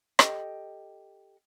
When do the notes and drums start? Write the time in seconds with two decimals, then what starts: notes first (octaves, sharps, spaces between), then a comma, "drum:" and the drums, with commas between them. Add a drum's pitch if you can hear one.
0.19 G4 A4 D#5, drum: rim click